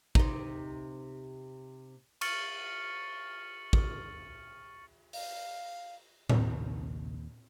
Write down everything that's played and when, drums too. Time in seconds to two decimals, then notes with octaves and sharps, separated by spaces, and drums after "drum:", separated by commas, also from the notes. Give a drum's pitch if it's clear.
0.15 C3 D#4, drum: kick
2.21 C#6 F6 A6 C#7 F#7, drum: cymbal
3.73 drum: kick
5.13 F5, drum: open hi-hat
6.29 A#1 D#2 C3 A#3, drum: tom A2